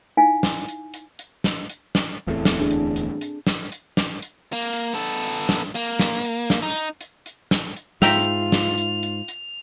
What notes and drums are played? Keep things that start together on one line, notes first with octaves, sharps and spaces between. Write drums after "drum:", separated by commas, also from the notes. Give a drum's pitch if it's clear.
D#4 E4 F5 G#5
drum: snare
drum: hi-hat
drum: hi-hat
drum: hi-hat
drum: snare
drum: hi-hat
drum: snare
D1 E2 A2 C4 A4
drum: snare
D4 G#4
drum: hi-hat
drum: hi-hat
drum: hi-hat
drum: snare
drum: hi-hat
drum: snare
drum: hi-hat
A#3
drum: hi-hat
B3 A4
drum: hi-hat
drum: snare
A#3, drum: hi-hat
drum: snare
drum: hi-hat
drum: snare
D#4
drum: hi-hat
drum: hi-hat
drum: hi-hat
drum: snare
drum: hi-hat
G#2 F4 E5 G5 A#5 F7, drum: snare
drum: snare
drum: hi-hat
drum: hi-hat
drum: hi-hat